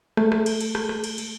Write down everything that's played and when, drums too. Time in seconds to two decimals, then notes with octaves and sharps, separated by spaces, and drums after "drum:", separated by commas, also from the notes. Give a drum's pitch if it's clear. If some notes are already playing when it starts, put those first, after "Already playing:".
0.17 A3, drum: rim click
0.32 drum: rim click
0.46 drum: cymbal
0.61 drum: cymbal
0.75 drum: rim click
0.89 drum: rim click
1.04 drum: cymbal
1.18 drum: cymbal